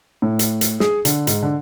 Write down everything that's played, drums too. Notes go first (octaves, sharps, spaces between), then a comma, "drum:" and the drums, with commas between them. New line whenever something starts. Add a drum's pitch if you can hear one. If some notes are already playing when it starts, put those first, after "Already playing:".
A2
drum: hi-hat
drum: hi-hat
G#4, drum: snare
D3, drum: hi-hat
G#2, drum: hi-hat
D3